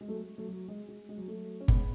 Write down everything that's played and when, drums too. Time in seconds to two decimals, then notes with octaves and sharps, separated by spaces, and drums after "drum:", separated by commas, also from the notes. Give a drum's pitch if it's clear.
0.01 G#3
0.08 F#3 A3
0.38 F#3 A3
0.48 F#3
0.68 G#3
0.89 G#3
1.09 G#3
1.18 F#3
1.28 F#3 A3
1.60 C#4
1.68 G#3 B3, drum: kick G1